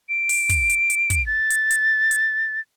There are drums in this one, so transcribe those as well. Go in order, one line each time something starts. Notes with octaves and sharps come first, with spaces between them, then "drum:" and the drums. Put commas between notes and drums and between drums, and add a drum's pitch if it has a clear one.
D7
drum: open hi-hat
drum: kick, hi-hat
drum: hi-hat
drum: hi-hat
drum: kick, hi-hat
A6
drum: hi-hat
drum: hi-hat
drum: hi-hat